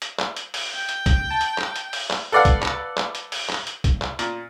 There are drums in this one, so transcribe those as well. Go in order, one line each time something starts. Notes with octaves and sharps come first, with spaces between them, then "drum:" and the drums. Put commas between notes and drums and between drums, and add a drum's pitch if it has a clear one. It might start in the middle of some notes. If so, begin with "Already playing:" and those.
drum: hi-hat
drum: clap
drum: hi-hat
drum: open hi-hat
G5
drum: hi-hat
drum: kick, hi-hat
A5
drum: hi-hat
drum: clap
drum: hi-hat
drum: open hi-hat
drum: clap
A4 B4 D5 F5 F#5
drum: kick, hi-hat
drum: clap
drum: clap
drum: hi-hat
drum: open hi-hat
drum: clap
drum: hi-hat
drum: kick, hi-hat
drum: clap
A#2, drum: hi-hat